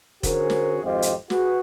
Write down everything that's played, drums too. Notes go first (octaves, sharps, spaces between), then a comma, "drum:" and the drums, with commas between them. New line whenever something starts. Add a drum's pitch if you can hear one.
D3 C#4 F#4 G#4 A#4 C5, drum: kick F1, hi-hat
drum: snare
G#1 F2 F4 G4 C5 D#5
drum: hi-hat
F#4 G#4 B4, drum: snare